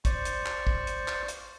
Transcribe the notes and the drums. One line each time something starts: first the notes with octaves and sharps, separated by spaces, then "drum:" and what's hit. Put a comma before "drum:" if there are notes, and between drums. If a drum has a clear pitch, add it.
C5 D5 C#6, drum: kick, hi-hat
drum: hi-hat
drum: clap
drum: kick
drum: hi-hat
drum: clap
drum: hi-hat